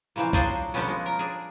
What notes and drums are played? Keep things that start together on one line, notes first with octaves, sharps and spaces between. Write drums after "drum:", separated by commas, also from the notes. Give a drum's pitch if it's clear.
A#2 C#3 E3 F3 C4
F#3 D4 G#4 C5 D5, drum: kick
D3 F3 G3 B3 C#4
G#3
A#4
D4 G#4